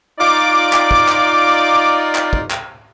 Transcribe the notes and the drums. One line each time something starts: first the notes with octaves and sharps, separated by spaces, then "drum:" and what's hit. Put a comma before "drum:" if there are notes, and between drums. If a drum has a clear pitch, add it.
D#4 F4 D5 D6
drum: clap
drum: kick
drum: clap
drum: clap
drum: kick
drum: clap